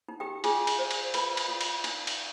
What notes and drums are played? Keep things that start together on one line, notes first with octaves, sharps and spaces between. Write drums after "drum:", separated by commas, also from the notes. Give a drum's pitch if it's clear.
D#4
G4 G5
F4 G#4 G#5, drum: cymbal
drum: cymbal
C5
drum: cymbal
F4 B4 B5, drum: cymbal
drum: cymbal
F4
drum: cymbal
D#4, drum: cymbal
drum: cymbal